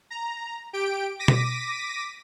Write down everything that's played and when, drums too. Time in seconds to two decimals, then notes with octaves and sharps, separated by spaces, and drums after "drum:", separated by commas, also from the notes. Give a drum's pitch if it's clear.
0.10 A#5
0.73 G4 G5 D7
1.19 D6 A#6 B6 D#7
1.28 drum: tom B2